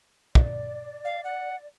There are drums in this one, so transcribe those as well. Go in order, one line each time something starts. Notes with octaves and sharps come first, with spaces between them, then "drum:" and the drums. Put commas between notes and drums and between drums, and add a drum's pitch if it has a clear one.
D5, drum: kick
F5
F#5